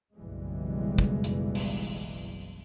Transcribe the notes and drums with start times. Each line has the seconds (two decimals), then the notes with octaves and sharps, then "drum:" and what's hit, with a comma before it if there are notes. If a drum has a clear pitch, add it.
0.16 F#1 B1 E3 G3 G#3
0.98 drum: kick
1.24 drum: hi-hat
1.55 drum: open hi-hat